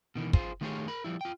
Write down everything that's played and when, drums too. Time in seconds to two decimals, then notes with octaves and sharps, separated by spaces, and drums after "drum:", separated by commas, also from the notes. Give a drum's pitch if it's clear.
0.15 B2 D#3 E3
0.33 F4 G#4 C5, drum: kick
0.61 D#3 A3 F4 G4 G#4 C#5
0.88 A#4 B5
1.04 F3 G3 E4
1.21 F4 G5